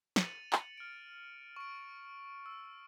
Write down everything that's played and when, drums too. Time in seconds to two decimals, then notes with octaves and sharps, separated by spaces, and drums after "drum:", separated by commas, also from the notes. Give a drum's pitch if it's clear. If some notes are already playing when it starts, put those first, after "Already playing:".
0.16 A6 C#7 D#7 F7 F#7, drum: snare
0.53 drum: clap
0.78 F6 D7
1.56 C#6 D7
2.46 E6